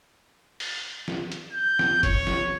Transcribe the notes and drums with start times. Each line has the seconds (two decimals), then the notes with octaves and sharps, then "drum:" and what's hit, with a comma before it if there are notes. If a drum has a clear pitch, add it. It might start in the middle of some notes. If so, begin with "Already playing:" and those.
0.60 drum: open hi-hat
1.08 drum: snare
1.32 drum: hi-hat
1.52 G6
1.79 drum: snare
2.03 C#5, drum: kick F1, hi-hat
2.27 drum: snare